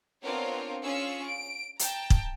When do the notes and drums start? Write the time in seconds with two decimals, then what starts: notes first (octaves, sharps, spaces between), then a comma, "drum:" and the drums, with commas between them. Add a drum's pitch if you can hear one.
0.24 B3 C4 D4 F4 A#4 C#5
0.84 C#4 F4 G#4 C#6 E6
1.26 D7
1.79 G5 A5 A#5, drum: hi-hat
2.10 drum: kick